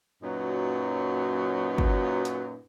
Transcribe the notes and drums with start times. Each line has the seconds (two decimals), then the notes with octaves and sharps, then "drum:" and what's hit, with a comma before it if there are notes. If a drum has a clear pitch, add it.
0.23 F#2 A#2 F#3 D#4 B4
1.78 drum: kick
2.25 drum: hi-hat